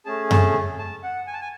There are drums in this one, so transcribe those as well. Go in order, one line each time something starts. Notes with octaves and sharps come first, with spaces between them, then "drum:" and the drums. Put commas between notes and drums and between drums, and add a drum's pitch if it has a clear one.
A3 C#4 G#4 A5
A5, drum: tom F#2
A5
F#5
G#5
A5
G#5